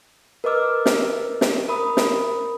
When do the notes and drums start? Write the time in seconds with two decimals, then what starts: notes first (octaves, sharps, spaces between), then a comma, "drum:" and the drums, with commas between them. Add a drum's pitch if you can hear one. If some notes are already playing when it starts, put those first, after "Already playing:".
0.44 A#4 B4 D#5 D6 E6 F6
0.86 drum: snare
1.41 drum: snare
1.68 A#4 B5 D#6
1.97 drum: snare